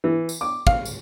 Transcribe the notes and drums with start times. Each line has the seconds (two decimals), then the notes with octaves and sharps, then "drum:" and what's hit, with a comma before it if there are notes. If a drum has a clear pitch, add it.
0.04 E3
0.29 drum: tambourine
0.41 D6
0.67 F5, drum: kick
0.86 drum: tambourine